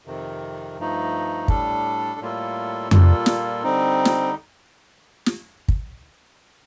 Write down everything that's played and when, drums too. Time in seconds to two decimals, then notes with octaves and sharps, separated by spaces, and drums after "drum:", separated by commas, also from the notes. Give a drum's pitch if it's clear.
0.06 F2 C3 D#3
0.77 G2 F3 A3 D#4
1.48 A2 G3 D4 A4, drum: kick
2.20 A2 G3 A#3 F4 A4
2.91 A#2 G3 A#3 F4 A4, drum: tom F2
3.26 drum: snare
3.63 D3 G3 C4 D#4
4.05 drum: snare
5.26 drum: snare
5.68 drum: kick